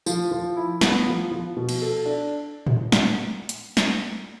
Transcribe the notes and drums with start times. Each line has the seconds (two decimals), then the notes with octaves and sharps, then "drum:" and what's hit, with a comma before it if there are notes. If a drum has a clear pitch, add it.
0.06 F3, drum: tambourine
0.32 F3
0.56 E4
0.81 B3, drum: snare
1.06 F3
1.32 F3
1.57 B2
1.69 drum: cymbal
1.82 A4
2.06 D4
2.67 drum: tom A2
2.92 drum: snare
3.49 drum: hi-hat
3.77 drum: snare